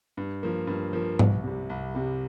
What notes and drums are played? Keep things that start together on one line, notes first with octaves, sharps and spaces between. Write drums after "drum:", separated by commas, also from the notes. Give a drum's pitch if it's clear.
G2
F3 A#3
G2
F3 A#3
C2, drum: tom G#2
C3 G3
C2
C3 G3